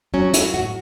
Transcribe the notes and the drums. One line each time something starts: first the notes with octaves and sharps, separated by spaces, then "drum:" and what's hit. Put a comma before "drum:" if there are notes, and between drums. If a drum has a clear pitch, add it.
F#3 C#4
F#3 E4, drum: hi-hat
A2 F#4